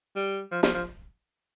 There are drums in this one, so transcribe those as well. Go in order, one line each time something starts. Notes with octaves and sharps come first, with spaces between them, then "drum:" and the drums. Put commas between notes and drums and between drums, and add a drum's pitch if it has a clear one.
G3
F3
F3, drum: snare
F3